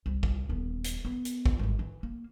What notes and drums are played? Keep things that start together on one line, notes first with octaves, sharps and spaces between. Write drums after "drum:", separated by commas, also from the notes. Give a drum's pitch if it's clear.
C2
drum: kick
D#1 B3
drum: hi-hat
B3
drum: hi-hat
drum: kick
G#1 G#3
E3
A#3